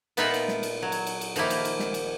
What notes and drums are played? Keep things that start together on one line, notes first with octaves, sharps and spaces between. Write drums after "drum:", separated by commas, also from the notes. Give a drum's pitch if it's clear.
A#2 B3 D#4 F4 E5 F#5, drum: cymbal
drum: cymbal
drum: snare
drum: cymbal
F#3
drum: cymbal
drum: cymbal
drum: cymbal
D#3 F3 A#3 E4, drum: cymbal
drum: cymbal
drum: cymbal
drum: snare
drum: cymbal